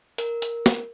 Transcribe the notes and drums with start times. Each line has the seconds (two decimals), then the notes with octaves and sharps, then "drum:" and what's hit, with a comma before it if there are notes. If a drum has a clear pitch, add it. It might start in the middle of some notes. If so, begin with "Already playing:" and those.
0.18 A#4, drum: hi-hat
0.42 drum: hi-hat
0.66 drum: snare